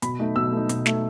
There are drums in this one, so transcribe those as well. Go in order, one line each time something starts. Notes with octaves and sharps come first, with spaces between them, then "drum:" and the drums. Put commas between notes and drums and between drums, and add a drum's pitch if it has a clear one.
B2 B5, drum: hi-hat
A3 D#4
B2 E6
A3 D#4
B2, drum: hi-hat
A3 D#4, drum: snare